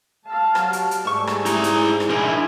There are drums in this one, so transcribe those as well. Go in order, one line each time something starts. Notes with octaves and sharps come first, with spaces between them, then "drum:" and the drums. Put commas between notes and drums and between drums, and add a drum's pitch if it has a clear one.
F5 A5
F#3 F#4 G4, drum: rim click
drum: hi-hat
drum: hi-hat
G#2 G3 A3 G#4 A5 C#6
drum: rim click
E4 A#5, drum: hi-hat
drum: hi-hat
drum: rim click
D4 E4 A#4 D#5 G#5 B5